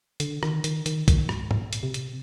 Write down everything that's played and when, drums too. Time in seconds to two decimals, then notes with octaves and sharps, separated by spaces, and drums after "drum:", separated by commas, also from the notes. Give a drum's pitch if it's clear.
0.20 D3, drum: hi-hat
0.43 D#3, drum: rim click
0.64 D#3, drum: hi-hat
0.86 D#3, drum: hi-hat
1.08 D#3, drum: kick, hi-hat
1.29 G#2, drum: rim click
1.51 A#2, drum: tom G#2
1.73 drum: hi-hat
1.83 C3
1.94 drum: hi-hat